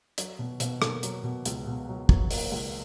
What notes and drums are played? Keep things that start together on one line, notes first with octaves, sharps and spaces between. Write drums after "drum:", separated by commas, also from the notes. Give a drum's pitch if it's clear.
F#3, drum: hi-hat
B2
B2, drum: hi-hat
A#3, drum: rim click
F#3, drum: hi-hat
B2
C#2, drum: hi-hat
B2
F#3
F#3, drum: kick
A#3, drum: open hi-hat
C#2